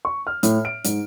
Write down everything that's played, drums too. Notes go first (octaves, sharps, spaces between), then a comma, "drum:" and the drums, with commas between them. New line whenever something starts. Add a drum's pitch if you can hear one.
C#6
F6
A2, drum: hi-hat
D7
G#2, drum: hi-hat